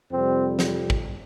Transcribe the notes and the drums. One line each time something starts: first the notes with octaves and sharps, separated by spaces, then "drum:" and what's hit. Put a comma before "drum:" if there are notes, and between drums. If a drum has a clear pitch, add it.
F2 C3 G3 C4
drum: snare
drum: kick